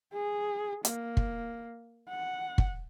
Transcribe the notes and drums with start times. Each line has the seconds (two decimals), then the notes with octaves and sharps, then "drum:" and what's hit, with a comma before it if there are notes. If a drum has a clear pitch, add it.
0.13 G#4
0.85 A#3, drum: hi-hat
1.17 drum: kick
2.10 F#5
2.58 drum: kick